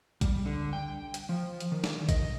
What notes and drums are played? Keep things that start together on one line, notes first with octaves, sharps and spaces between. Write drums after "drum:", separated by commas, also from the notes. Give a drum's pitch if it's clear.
G3, drum: kick, hi-hat
D3
G5
drum: hi-hat
F3
drum: hi-hat
D#3
drum: snare
D#5, drum: kick, hi-hat